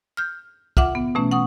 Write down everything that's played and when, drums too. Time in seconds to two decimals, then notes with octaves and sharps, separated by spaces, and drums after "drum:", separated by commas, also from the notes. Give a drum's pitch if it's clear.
0.17 F6 G6
0.77 F4 E5 F#5 D6, drum: kick
0.95 B3
1.15 B2 E3 A3 C#4
1.31 F#5 C#6 D#6